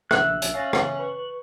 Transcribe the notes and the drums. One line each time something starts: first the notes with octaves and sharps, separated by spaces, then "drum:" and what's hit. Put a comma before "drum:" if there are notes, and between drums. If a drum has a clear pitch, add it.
A#1 E5 E6 F#6, drum: rim click
drum: hi-hat
C#4 F5 A6 A#6
drum: rim click
B4 C#6